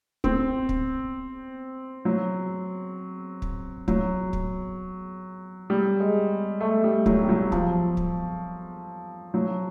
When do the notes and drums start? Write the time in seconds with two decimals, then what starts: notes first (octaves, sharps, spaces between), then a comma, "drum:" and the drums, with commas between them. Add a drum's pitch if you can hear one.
0.24 C4, drum: kick
0.69 drum: kick
2.05 F#3
3.42 drum: kick
3.88 F#3, drum: kick
4.33 drum: kick
5.70 G3
6.00 G#3
6.60 A3
6.84 G3
7.06 F#3, drum: kick
7.24 G3
7.29 F#3
7.52 F3, drum: kick
7.97 drum: kick
9.34 F#3